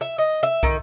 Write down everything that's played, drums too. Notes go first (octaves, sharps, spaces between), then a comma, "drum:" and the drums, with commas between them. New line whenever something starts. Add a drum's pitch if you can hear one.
E5
D#5
E5
D#3, drum: kick